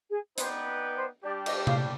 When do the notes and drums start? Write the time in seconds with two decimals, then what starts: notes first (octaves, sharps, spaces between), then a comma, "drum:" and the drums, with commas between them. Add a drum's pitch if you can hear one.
0.09 G#4
0.38 B3 D#4 B4 C5 D5 G5, drum: hi-hat
0.95 C5
1.24 G3 D4 G4 D5
1.46 D#5, drum: cymbal
1.67 F5, drum: tom C3